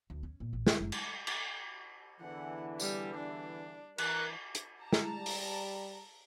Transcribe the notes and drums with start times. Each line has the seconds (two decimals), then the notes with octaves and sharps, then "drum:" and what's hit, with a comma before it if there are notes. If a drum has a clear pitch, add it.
0.10 D2
0.23 C#4
0.40 A#2
0.53 A1
0.67 D2, drum: snare
0.80 F#1
0.92 drum: cymbal
1.27 drum: cymbal
2.21 E2 D3 E3 F#5
2.80 G3, drum: tambourine
3.17 D4
3.98 E3 A#4 F#6, drum: cymbal
4.55 drum: hi-hat
4.82 A5 A#5
4.93 drum: snare
5.16 G3
5.26 drum: open hi-hat